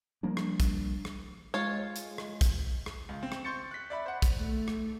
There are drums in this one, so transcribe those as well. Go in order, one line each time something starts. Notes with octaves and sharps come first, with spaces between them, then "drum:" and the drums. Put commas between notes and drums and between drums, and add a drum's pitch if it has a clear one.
F3 G3 A#3 D4
drum: rim click
drum: kick, hi-hat
drum: rim click
G#3 F4 C#5
drum: hi-hat
drum: rim click
drum: kick, hi-hat
drum: rim click
C#2
C4
drum: rim click
C6 C#6 G6 A6 C#7
F#6 B6
D5 E5 B5
C5 F#5
drum: kick, hi-hat
A3
drum: rim click